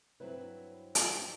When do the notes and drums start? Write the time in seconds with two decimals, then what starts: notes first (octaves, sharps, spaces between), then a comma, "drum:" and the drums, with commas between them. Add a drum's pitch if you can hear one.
0.20 G2 F#3 C4 E4 B4
0.95 G4, drum: hi-hat